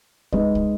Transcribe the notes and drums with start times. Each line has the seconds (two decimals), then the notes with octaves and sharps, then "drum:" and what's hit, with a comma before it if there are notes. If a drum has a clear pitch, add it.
0.32 G#3 D#4 B4 D#5, drum: kick
0.55 drum: kick